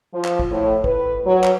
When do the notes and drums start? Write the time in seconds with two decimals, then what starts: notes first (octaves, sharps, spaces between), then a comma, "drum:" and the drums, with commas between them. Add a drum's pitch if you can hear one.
0.14 F3
0.25 drum: clap
0.39 drum: kick
0.51 A2
0.84 B4, drum: kick
1.25 F#3
1.44 drum: clap